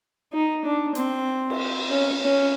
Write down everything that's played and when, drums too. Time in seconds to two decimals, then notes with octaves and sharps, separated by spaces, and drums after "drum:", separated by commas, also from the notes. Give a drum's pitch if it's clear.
0.33 D#4
0.65 D4
0.95 C4, drum: hi-hat
1.50 drum: cymbal
1.89 C#4
2.21 C#4